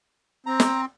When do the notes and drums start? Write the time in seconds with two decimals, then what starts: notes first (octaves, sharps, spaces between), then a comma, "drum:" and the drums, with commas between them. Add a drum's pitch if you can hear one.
0.46 C4 A#5
0.60 drum: snare